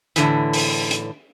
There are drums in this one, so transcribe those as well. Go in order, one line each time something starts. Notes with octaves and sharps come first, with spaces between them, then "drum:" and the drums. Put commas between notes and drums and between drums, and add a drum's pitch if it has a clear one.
A2 D3 E3, drum: hi-hat
drum: open hi-hat
drum: hi-hat